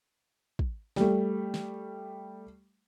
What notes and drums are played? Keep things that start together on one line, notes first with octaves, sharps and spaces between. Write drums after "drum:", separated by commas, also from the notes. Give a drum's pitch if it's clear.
drum: kick
G3 A3, drum: snare
drum: snare